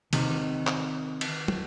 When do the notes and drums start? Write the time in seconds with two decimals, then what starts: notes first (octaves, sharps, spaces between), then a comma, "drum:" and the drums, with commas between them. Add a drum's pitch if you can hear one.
0.13 C3 D#3, drum: cymbal
0.67 drum: clap
1.21 drum: cymbal
1.48 drum: tom